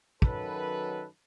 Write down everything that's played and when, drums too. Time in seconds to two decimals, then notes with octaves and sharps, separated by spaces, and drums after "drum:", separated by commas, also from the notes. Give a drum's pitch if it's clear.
0.22 F#2 D#3 F#3 A4 B4, drum: kick